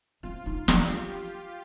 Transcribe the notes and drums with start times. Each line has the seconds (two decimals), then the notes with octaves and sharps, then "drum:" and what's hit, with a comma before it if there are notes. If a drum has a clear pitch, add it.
0.23 C4 F4
0.46 D#4
0.68 D4 G4, drum: snare
1.13 F4